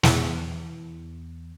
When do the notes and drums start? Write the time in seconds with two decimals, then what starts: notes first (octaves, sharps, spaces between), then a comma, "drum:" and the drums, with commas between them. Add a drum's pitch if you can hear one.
0.03 E2, drum: snare